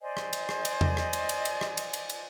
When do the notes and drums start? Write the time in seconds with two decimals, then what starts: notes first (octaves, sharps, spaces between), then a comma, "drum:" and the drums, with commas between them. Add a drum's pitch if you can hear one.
0.01 C5 D5 D#5 G#5
0.17 drum: rim click
0.33 drum: cymbal
0.49 drum: rim click
0.65 drum: cymbal
0.81 drum: tom E2
0.97 drum: rim click
1.13 drum: cymbal
1.29 drum: cymbal
1.45 drum: cymbal
1.61 drum: rim click
1.77 drum: cymbal
1.93 drum: cymbal
2.10 drum: cymbal